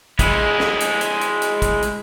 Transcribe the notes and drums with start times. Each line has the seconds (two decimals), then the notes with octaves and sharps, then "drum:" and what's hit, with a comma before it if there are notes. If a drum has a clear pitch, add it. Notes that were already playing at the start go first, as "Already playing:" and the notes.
0.19 G#3 E4, drum: kick, hi-hat
0.60 drum: snare
0.80 drum: hi-hat
1.01 drum: hi-hat
1.21 drum: hi-hat
1.42 drum: hi-hat
1.62 drum: kick, hi-hat
1.82 drum: hi-hat